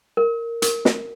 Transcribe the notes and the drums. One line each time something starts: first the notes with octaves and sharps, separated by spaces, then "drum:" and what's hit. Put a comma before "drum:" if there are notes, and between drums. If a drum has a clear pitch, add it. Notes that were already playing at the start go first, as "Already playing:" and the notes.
A#4
A#4, drum: hi-hat
drum: snare